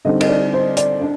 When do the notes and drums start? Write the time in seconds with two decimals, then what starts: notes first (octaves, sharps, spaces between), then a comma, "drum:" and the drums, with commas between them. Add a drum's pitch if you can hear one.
0.05 D3 G3 C4 D#4 D#5
0.21 D#5, drum: cymbal
0.29 D5
0.54 C5
0.77 D5, drum: hi-hat
1.01 D4